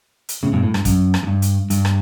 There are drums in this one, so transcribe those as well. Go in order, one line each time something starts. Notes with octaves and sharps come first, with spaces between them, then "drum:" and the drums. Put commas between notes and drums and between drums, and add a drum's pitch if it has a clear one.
drum: hi-hat
A2 C#3
G2 B2
A2
G2, drum: rim click
F#2, drum: kick, hi-hat
drum: rim click
F#2
G2
drum: hi-hat
G2, drum: hi-hat
drum: rim click